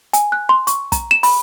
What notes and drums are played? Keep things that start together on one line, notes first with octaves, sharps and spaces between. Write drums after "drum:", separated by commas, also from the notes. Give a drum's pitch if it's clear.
G#5, drum: hi-hat
F#6
C6
C#6, drum: hi-hat
A#5, drum: kick, hi-hat
E7
B5, drum: open hi-hat